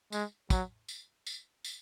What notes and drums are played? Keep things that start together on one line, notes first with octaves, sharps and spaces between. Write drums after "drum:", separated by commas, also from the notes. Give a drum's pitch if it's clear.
G#3, drum: tambourine
F#3, drum: kick, tambourine
drum: tambourine
drum: tambourine
drum: tambourine